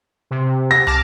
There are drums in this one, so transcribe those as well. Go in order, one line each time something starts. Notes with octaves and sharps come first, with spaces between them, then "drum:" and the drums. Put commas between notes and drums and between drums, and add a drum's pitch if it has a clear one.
C3
A#6
A5 D6 F6, drum: tom